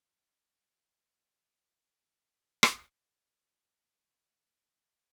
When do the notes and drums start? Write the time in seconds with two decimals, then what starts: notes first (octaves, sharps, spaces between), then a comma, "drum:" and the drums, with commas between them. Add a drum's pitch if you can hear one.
0.11 A#2 A#4 E5 G5
2.63 drum: rim click
3.20 D#5 F5 F#5
3.93 F3 G3 A3 E4 B4 F5